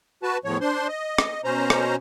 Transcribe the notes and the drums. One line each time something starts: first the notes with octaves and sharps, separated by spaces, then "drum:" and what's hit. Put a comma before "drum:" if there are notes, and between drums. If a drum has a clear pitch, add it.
F#4 B4 A5
E2 A2 F3 C#5
D4 C5 C6
D#5
drum: rim click
B2 C#4 C5 A#5
drum: rim click